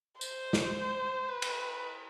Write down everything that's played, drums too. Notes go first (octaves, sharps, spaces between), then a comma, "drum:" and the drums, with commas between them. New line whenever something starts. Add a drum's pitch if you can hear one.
C5, drum: tambourine
drum: snare
B4
drum: cymbal